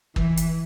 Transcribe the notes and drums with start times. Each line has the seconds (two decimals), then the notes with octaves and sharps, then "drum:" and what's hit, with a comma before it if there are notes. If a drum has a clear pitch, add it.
0.16 E3, drum: kick
0.37 drum: hi-hat